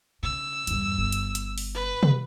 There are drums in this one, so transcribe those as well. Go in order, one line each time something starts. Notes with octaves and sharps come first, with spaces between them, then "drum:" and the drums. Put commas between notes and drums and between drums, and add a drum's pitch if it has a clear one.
C#3 E6
E2 G2, drum: hi-hat
G1
drum: hi-hat
drum: hi-hat
drum: open hi-hat
B4
drum: tom